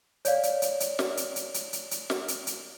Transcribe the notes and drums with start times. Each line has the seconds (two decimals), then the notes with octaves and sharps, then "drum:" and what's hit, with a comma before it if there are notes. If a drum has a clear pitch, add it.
0.25 C#5 D5 F5, drum: hi-hat
0.43 drum: hi-hat
0.62 drum: hi-hat
0.80 drum: hi-hat
0.99 drum: snare
1.17 drum: hi-hat
1.36 drum: hi-hat
1.54 drum: hi-hat
1.73 drum: hi-hat
1.91 drum: hi-hat
2.10 drum: snare
2.28 drum: hi-hat
2.47 drum: hi-hat